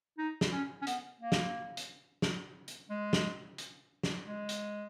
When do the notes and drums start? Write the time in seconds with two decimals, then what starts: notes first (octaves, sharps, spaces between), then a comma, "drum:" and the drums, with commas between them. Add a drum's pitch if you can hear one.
0.18 D#4
0.41 drum: snare
0.52 C#4
0.82 C#4
0.87 B3, drum: hi-hat
1.21 A#3
1.32 drum: snare
1.77 drum: hi-hat
2.22 drum: snare
2.68 drum: hi-hat
2.90 G#3
3.13 drum: snare
3.58 drum: hi-hat
4.03 drum: snare
4.26 G#3
4.49 drum: hi-hat